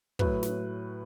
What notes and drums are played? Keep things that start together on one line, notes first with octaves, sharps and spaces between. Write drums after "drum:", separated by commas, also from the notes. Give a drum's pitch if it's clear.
A2 F#3 B4, drum: kick
drum: snare